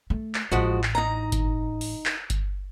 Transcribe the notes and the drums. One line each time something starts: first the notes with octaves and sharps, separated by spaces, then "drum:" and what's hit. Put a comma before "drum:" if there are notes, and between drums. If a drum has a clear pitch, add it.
A3
drum: clap
A1 D3 F3 G#3 F#4
drum: clap
D#4 A#5
drum: kick G1, hi-hat
drum: open hi-hat
drum: clap
drum: kick G1, hi-hat